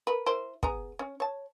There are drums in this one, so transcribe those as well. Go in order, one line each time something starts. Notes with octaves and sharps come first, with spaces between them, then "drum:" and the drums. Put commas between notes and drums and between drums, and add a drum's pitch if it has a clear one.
A#4 B4
E4 A#4 C5
B3 G#4 A#5, drum: kick
C#4
C#5 A5